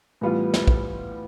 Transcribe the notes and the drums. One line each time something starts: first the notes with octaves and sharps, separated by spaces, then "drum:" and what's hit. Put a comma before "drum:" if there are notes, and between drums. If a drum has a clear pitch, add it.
A2 E3 G3 B3 F4
drum: snare
drum: kick